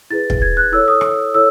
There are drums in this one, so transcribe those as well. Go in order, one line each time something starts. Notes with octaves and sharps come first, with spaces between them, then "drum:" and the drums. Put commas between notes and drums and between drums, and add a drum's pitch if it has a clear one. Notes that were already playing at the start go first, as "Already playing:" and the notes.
E4 G#4 B4 A6
drum: kick
G#6
F#6
E4 A4 C#5 E6
D#6
drum: rim click
E4 A4 C#5 E6